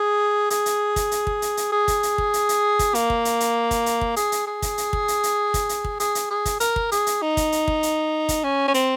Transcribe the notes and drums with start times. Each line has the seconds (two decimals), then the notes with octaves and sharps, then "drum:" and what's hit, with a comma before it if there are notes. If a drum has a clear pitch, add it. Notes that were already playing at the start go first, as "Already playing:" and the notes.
Already playing: G#4
0.50 G#4, drum: hi-hat
0.66 drum: hi-hat
0.96 drum: kick, hi-hat
1.11 drum: hi-hat
1.27 drum: kick
1.42 drum: hi-hat
1.57 drum: hi-hat
1.72 G#4
1.88 drum: kick, hi-hat
2.03 drum: hi-hat
2.18 drum: kick
2.34 drum: hi-hat
2.49 drum: hi-hat
2.79 drum: kick, hi-hat
2.95 A#3, drum: hi-hat
3.10 drum: kick
3.25 drum: hi-hat
3.40 drum: hi-hat
3.71 drum: kick, hi-hat
3.86 drum: hi-hat
4.01 drum: kick
4.16 G#4, drum: hi-hat
4.32 drum: hi-hat
4.47 G#4
4.62 drum: kick, hi-hat
4.78 drum: hi-hat
4.93 drum: kick
5.08 drum: hi-hat
5.23 drum: hi-hat
5.54 drum: kick, hi-hat
5.69 drum: hi-hat
5.84 drum: kick
6.00 G#4, drum: hi-hat
6.15 drum: hi-hat
6.30 G#4
6.45 drum: kick, hi-hat
6.60 A#4, drum: hi-hat
6.76 drum: kick
6.92 G#4, drum: hi-hat
7.07 drum: hi-hat
7.22 D#4
7.37 drum: kick, hi-hat
7.52 drum: hi-hat
7.68 drum: kick
7.83 drum: hi-hat
8.29 drum: kick, hi-hat
8.44 C#4
8.68 C#4
8.74 C4, drum: hi-hat